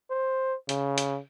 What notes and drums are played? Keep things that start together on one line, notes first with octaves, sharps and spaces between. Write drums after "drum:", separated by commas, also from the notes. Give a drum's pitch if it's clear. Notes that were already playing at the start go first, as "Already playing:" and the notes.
C5
C#3, drum: hi-hat
drum: hi-hat